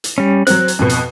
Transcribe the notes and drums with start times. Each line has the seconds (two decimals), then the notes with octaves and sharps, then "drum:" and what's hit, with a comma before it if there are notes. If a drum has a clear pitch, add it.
0.04 drum: hi-hat
0.18 G3 C#4
0.47 F#3 C4 F#6, drum: hi-hat
0.68 drum: hi-hat
0.79 F2 B2
0.89 drum: hi-hat